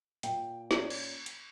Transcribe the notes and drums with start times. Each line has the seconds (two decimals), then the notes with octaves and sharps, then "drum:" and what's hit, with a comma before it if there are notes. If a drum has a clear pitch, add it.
0.23 A#2 G5, drum: hi-hat
0.71 C#4 D5, drum: snare
0.90 drum: cymbal
1.26 drum: hi-hat